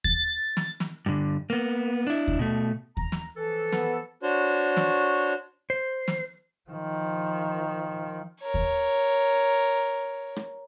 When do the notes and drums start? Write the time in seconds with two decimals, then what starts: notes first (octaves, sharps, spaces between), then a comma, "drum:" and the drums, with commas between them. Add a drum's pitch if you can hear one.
0.04 A6, drum: kick D#2
0.57 drum: snare
0.80 drum: snare
1.06 G2 D3
1.50 A#3 B3
2.07 D4 E4
2.28 drum: kick D#2
2.39 B2 A3
2.97 A#5, drum: kick D#2
3.12 drum: snare
3.37 E3 F3 A4
3.72 B3, drum: snare
4.23 D4 F#4 C5 C#5
4.77 drum: snare
5.70 C5
6.08 drum: snare
6.70 D#3 F3
8.41 A#4 C#5
8.54 drum: kick D#2
10.36 drum: rim click